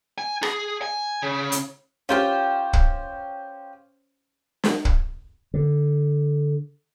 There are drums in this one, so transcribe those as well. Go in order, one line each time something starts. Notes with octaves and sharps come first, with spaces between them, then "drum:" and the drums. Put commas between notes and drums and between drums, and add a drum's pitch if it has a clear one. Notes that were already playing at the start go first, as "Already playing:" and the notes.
G#5
G#4, drum: rim click
G#5
C#3
drum: hi-hat
C#4 F4 G4 C5 F5 G5
drum: kick
drum: snare
drum: kick
D3